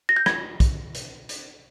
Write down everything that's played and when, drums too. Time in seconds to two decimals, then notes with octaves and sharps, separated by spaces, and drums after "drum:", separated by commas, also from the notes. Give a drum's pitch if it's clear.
0.09 A#6
0.16 G6
0.26 G#6, drum: rim click
0.60 drum: kick, hi-hat
0.95 drum: hi-hat
1.29 drum: hi-hat